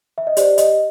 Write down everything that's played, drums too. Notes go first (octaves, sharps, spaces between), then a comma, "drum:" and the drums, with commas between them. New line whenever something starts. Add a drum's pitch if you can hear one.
E5
D#5
G4 C5 D5, drum: hi-hat
D#5, drum: hi-hat